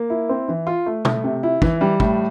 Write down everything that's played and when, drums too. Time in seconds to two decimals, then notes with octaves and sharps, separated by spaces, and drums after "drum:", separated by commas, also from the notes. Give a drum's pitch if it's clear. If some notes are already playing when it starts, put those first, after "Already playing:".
Already playing: A#3
0.10 E4
0.29 C4
0.48 E3
0.67 F4
0.86 A3
1.05 A3, drum: tom B2
1.24 C3
1.43 E4
1.62 E3, drum: kick
1.81 G3
2.00 A2, drum: kick